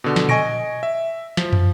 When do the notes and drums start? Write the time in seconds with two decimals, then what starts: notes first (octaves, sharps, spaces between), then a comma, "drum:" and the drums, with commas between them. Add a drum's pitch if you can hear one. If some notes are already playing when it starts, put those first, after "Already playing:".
0.04 B2 D3
0.16 drum: snare
0.29 D#5 G#5 C#6 A#6 D7, drum: tom A#2
0.83 E5
1.37 F3, drum: snare
1.53 drum: tom